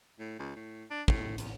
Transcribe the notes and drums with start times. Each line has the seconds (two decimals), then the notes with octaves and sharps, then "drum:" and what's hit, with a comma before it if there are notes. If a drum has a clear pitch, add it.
0.19 A2
0.39 C#2
0.56 A2
0.91 D4
1.08 A2, drum: kick
1.38 E2, drum: hi-hat